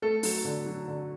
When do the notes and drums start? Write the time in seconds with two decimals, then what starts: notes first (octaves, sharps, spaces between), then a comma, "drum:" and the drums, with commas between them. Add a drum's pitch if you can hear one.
0.02 A3 A4
0.23 F#3, drum: open hi-hat
0.45 D3
0.66 F#3
0.88 D3